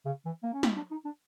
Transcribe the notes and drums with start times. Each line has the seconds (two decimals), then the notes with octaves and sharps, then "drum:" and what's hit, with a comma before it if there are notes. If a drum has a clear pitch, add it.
0.06 C#3
0.25 E3
0.43 A#3
0.54 C#4
0.63 C4, drum: snare
0.77 D4
0.91 D#4
1.05 D4